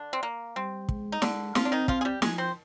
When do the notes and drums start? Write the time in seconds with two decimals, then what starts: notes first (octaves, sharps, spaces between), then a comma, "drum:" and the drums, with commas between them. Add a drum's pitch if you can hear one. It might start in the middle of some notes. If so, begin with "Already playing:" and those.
Already playing: D3 D4
0.13 C4
0.23 A#3
0.56 G3 C4
0.89 G#3, drum: kick
1.12 D#4
1.22 D3 G#3 D4, drum: snare
1.55 F3 C4 F4, drum: snare
1.65 D4
1.72 D#3 D#4
1.88 F3 F4, drum: kick
2.01 G#4
2.05 G3 G4
2.22 F3 G#3 G#4, drum: snare
2.38 C4 C5